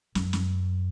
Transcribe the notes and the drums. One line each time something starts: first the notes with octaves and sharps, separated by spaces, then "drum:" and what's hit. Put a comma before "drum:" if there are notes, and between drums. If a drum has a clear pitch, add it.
F#2, drum: snare
drum: snare